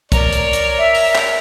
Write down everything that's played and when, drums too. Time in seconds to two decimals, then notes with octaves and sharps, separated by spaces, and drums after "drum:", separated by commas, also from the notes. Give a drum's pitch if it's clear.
0.12 A#4 C#5 D5, drum: kick, hi-hat
0.32 drum: hi-hat
0.53 drum: hi-hat
0.78 E5
0.95 drum: open hi-hat
1.15 drum: clap